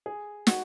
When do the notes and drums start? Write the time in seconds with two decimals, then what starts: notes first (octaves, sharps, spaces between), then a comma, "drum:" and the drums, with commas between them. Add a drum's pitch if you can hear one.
0.06 G#4
0.47 F#4, drum: snare